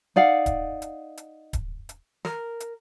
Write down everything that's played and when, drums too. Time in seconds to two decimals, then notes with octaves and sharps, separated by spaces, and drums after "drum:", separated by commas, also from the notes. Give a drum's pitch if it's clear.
0.16 D#4 D5 F5 F#5
0.46 drum: kick D1, hi-hat
0.82 drum: hi-hat
1.17 drum: hi-hat
1.53 drum: kick D1, hi-hat
1.89 drum: hi-hat
2.25 A#4, drum: snare
2.60 drum: hi-hat